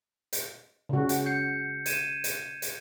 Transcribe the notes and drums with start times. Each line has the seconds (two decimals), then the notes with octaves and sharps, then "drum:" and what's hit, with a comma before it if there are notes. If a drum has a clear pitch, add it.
0.33 drum: hi-hat
0.89 C#3 F#4
1.09 drum: hi-hat
1.26 G6 C7 C#7
1.86 G#6 D#7 E7, drum: hi-hat
2.24 drum: hi-hat
2.62 drum: hi-hat